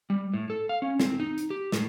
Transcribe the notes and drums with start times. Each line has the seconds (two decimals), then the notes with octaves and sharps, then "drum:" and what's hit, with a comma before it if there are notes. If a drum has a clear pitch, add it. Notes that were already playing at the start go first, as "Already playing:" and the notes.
0.10 G3
0.34 A2
0.50 A4
0.69 F5
0.82 C#4
1.00 C4, drum: snare
1.20 D#4
1.38 drum: hi-hat
1.50 G4
1.72 A2, drum: snare